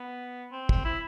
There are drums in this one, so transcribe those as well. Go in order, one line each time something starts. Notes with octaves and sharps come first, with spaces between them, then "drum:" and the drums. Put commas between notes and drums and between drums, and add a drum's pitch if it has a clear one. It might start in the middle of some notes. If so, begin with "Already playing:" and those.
Already playing: B3
C4
drum: kick
E4